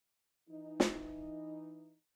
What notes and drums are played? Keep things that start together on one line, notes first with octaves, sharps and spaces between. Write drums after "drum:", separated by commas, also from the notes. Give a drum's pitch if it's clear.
E3 D#4
drum: snare